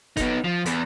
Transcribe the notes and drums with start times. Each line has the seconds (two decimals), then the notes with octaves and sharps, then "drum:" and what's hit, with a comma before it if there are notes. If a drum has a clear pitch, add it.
0.17 B3 D#4, drum: kick F#1, hi-hat
0.45 F3
0.66 E2, drum: hi-hat